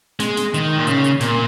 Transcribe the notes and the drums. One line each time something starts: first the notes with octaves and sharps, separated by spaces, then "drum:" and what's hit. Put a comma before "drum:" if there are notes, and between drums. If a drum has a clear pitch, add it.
G#3, drum: snare
drum: snare
D#3, drum: hi-hat
A#2
C#3, drum: hi-hat
drum: hi-hat
A#2, drum: snare